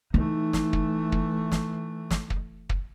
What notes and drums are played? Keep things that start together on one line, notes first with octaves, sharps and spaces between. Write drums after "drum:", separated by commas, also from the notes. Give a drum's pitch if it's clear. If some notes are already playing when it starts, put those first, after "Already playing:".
E3 A3 D#4
drum: snare
drum: kick
drum: kick
drum: snare
drum: snare
drum: kick
drum: kick